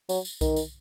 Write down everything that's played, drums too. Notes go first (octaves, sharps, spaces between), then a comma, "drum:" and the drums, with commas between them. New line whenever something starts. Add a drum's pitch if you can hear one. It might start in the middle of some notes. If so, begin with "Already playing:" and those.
F#3, drum: tambourine
drum: tambourine
D#3, drum: kick B1, tambourine
drum: tambourine